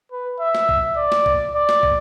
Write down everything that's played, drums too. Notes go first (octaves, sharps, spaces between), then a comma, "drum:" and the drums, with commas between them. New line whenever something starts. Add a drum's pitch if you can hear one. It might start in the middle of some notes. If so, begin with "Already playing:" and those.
B4
E5
drum: snare
drum: kick
D5
drum: snare
drum: kick
D5
drum: snare
drum: kick